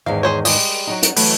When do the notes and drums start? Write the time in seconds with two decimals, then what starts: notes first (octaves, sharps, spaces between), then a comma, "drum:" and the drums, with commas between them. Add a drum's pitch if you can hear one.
0.06 E2 G#2 D#3 F5
0.23 G#4 C5 C#5
0.45 G3 G#3 D#5, drum: open hi-hat
0.87 F#3 D#4
1.03 drum: hi-hat
1.16 E3 F#3 A3 B4, drum: open hi-hat